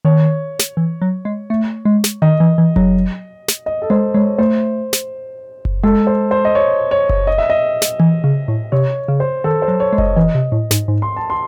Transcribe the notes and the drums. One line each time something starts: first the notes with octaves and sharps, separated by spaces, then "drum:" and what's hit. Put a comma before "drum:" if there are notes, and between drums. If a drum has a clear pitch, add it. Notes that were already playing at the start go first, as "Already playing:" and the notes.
D#3 C#5
drum: snare
E3
F#3
G#3
A3
G#3
drum: snare
D#3 D#5
E3
E3
F#3, drum: kick F#1
drum: snare
D#5
A4
G#3 C5
G#3 C#5
A3 C5
drum: snare
drum: kick F#1
G#3 A4
C5
C5
D#5
C#5
C#5
drum: kick F#1
D#5
E5
D#5
drum: snare
E3
C#3
A2
C3 C#5
C#3
C5
D#3 A4
C5
F#3
C#5
G#3
D#5, drum: kick F#1
E3 D#5
C3
A2
G#2, drum: snare
G#2
C6
A5
C6